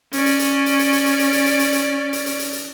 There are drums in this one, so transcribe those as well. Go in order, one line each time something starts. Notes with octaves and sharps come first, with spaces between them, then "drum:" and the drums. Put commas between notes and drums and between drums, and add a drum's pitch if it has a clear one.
C#4 D5, drum: hi-hat
drum: hi-hat
drum: hi-hat
drum: hi-hat
drum: hi-hat
drum: hi-hat
drum: hi-hat
drum: hi-hat
drum: hi-hat
drum: hi-hat
drum: hi-hat
drum: hi-hat
drum: hi-hat
drum: hi-hat
drum: hi-hat
drum: hi-hat